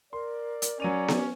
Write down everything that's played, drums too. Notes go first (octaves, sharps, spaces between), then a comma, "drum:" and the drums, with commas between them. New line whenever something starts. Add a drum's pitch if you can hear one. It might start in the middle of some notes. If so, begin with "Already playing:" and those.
A#4 D5 C6
drum: hi-hat
F#3 C#4 D5 D#7 F7
drum: snare B3